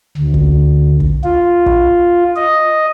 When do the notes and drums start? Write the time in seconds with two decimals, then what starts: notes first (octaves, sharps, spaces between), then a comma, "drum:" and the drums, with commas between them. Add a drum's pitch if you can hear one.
0.17 D2
0.34 drum: kick
1.00 drum: kick
1.24 F4
1.66 drum: kick
2.36 D#5